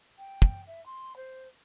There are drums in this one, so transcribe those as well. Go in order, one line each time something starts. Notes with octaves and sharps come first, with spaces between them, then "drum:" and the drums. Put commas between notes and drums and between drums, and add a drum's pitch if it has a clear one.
G5
drum: kick
E5
C6
C5